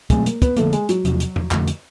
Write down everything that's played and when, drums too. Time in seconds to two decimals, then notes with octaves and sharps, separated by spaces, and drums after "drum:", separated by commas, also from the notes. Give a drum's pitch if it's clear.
0.10 B2 F#3 G#3 A3 C4, drum: kick, hi-hat
0.26 A#3, drum: hi-hat
0.42 B3, drum: kick, hi-hat
0.57 D3 F3 A3 A#3, drum: hi-hat
0.73 G#3, drum: hi-hat
0.89 F#3, drum: hi-hat
1.05 E2 C3 F3, drum: hi-hat
1.20 drum: hi-hat
1.36 drum: tom E2
1.51 F2 D3 F3 A3, drum: clap
1.68 drum: hi-hat